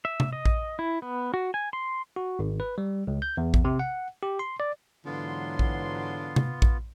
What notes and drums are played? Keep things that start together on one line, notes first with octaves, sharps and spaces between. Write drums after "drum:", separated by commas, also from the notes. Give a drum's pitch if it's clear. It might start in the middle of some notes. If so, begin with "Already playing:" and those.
E5
drum: tom C3
D#5
drum: kick A#1
E4
B3
F#4
G#5
C6
F#4
G#1
B4
G3
C#2
G6
E2
drum: kick A#1
C3
F#5
G4
C6
D5
G#2 D3 E3 F#3 B3 F4 C6
drum: kick A#1
drum: tom C3
drum: kick A#1